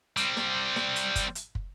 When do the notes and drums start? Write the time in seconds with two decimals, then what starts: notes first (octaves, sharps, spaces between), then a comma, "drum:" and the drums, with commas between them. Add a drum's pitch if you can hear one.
0.17 G3 C4, drum: hi-hat
0.37 drum: snare
0.76 drum: snare
0.96 drum: hi-hat
1.16 drum: kick, hi-hat
1.35 drum: hi-hat
1.55 drum: kick